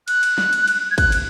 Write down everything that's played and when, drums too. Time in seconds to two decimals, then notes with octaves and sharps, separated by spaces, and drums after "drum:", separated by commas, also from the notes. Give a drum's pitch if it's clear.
0.08 F#6, drum: cymbal
0.23 drum: cymbal
0.38 drum: snare
0.53 drum: cymbal
0.68 drum: cymbal
0.91 G#6
0.98 F#6, drum: kick, cymbal
1.12 drum: cymbal